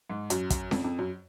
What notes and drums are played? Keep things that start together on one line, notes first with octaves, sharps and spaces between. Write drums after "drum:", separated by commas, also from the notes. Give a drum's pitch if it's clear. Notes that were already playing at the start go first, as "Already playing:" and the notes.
G#2
F#2, drum: hi-hat
drum: kick, hi-hat
F2, drum: snare C#4
F2
F#2